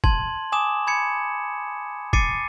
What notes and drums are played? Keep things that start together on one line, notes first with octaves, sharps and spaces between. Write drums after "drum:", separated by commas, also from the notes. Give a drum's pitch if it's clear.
A5 C6 G#6 F#7, drum: kick
G#5 D6 D#6 E7
B5 G#6 C#7
D6 A6 C7 C#7 D#7, drum: kick